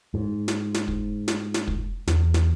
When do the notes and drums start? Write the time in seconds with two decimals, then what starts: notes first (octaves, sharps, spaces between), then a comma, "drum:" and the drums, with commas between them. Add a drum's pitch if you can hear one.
0.14 G#2
0.48 drum: snare
0.74 drum: snare
0.88 drum: kick
1.28 drum: snare
1.54 drum: snare
1.68 drum: kick
2.08 E2, drum: snare
2.34 drum: snare